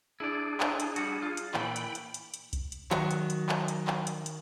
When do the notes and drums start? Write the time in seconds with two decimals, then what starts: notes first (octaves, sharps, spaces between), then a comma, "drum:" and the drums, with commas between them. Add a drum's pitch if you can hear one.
0.20 D4 E4 G#4 D5
0.60 drum: clap
0.80 drum: hi-hat
0.96 G3 F#4, drum: hi-hat
1.22 F4
1.37 drum: hi-hat
1.54 A#2 E3 G5 B5, drum: clap
1.76 drum: hi-hat
1.95 drum: hi-hat
2.14 drum: hi-hat
2.34 drum: hi-hat
2.53 drum: kick C2, hi-hat
2.72 drum: hi-hat
2.91 D#3 F#3, drum: clap
3.11 drum: hi-hat
3.30 drum: hi-hat
3.49 drum: clap
3.68 drum: hi-hat
3.88 drum: clap
4.07 drum: hi-hat
4.26 drum: hi-hat